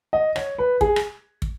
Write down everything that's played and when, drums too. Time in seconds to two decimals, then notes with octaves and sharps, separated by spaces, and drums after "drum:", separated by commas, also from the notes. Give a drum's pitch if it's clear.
0.13 D#5
0.36 C#5, drum: rim click
0.58 B4
0.81 G#4, drum: kick
0.96 drum: rim click
1.42 drum: kick